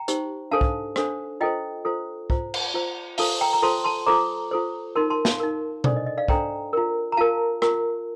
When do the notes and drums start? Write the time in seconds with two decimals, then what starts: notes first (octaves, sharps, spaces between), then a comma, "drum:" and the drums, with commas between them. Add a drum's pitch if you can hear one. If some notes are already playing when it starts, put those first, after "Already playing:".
Already playing: G5 A#5
0.08 D#4 G4 C5, drum: hi-hat
0.51 D4 A4 C5 F5 A5
0.61 drum: kick
0.96 D4 A4 C5, drum: rim click
1.41 F4 A4 C5 D#5 G5
1.85 F4 A4 C5
2.30 F4 C5, drum: kick
2.54 drum: cymbal
2.74 F4 C5
3.18 F4 A4 C5 F5 A5, drum: open hi-hat
3.41 G5 A#5
3.53 A#5
3.62 F4 A4 C5 A5 C6
3.84 A5 C6
4.07 F4 A4 C5 A#5 D6
4.51 F4 A4 C5
4.96 D#4 A#4 A5 C6
5.10 A5 C6
5.25 F5 A5, drum: snare
5.40 D#4 A#4
5.84 D4 A4 C5 D5, drum: tom B2
5.96 D#5
6.06 D#5
6.17 D5 F5
6.28 D4 A4 C5 G5 A#5, drum: kick
6.73 F4 A#4
7.12 A#5
7.17 F4 A#4 F5 A5
7.62 F4 A#4, drum: rim click